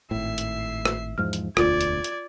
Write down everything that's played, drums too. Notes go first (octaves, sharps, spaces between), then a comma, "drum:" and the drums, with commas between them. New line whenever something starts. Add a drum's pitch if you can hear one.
G#1 A2 E5 C7
drum: hi-hat
drum: rim click
E2 G#2 F3 F6
drum: hi-hat
E1 D2 F4 D5 G#6, drum: rim click
drum: hi-hat
drum: hi-hat